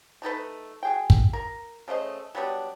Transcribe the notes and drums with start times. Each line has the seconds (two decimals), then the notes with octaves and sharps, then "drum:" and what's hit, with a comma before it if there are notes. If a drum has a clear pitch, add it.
0.22 A3 D#4 A4 B4
0.83 F#4 G#4 G5
1.10 drum: kick
1.33 A#4
1.88 C#3 A3 C5 D#5
2.35 F#3 G3 B3 D4